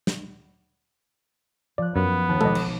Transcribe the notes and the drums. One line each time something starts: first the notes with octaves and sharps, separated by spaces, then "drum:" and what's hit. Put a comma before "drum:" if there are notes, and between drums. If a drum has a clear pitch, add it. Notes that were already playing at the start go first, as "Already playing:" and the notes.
drum: snare
F3 D5 F#6
F#2 B3
D#2 A5 F#6
B1 A4 D#5 D6, drum: tom G#3
drum: cymbal